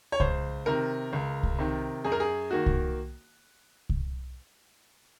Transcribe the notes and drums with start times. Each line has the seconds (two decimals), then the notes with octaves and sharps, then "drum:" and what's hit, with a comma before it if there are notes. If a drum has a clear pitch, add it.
0.12 C#5
0.20 C#2 C5, drum: kick C2
0.66 C3 D#3 A#4
1.13 C#2
1.43 drum: kick C2
1.59 C3 D#3
2.04 F#2 G#4
2.12 A#4
2.20 G#4
2.51 D#3 A#3 F#4
2.66 drum: kick C2
3.89 drum: kick C2